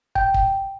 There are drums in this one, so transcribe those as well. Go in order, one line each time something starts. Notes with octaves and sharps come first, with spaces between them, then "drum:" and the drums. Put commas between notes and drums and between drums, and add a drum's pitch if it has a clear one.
G5, drum: kick
drum: kick